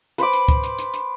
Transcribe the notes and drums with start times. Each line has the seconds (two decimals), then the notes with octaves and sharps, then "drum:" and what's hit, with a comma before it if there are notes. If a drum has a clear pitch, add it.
0.18 B4 C5 B5 D6, drum: hi-hat
0.33 drum: hi-hat
0.48 drum: kick C#2, hi-hat
0.63 drum: hi-hat
0.79 drum: hi-hat
0.94 drum: hi-hat